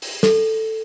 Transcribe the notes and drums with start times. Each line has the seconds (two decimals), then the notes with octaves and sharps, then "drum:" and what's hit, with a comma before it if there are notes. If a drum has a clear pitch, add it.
0.02 drum: open hi-hat
0.23 A4, drum: snare